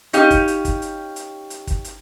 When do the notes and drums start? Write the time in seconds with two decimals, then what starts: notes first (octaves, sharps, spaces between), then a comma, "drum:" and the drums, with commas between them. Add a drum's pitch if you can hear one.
0.13 C#4 D#4 G4 F5, drum: hi-hat
0.30 drum: kick, hi-hat
0.48 drum: hi-hat
0.65 drum: kick, hi-hat
0.82 drum: hi-hat
1.16 drum: hi-hat
1.50 drum: hi-hat
1.67 drum: kick, hi-hat
1.84 drum: hi-hat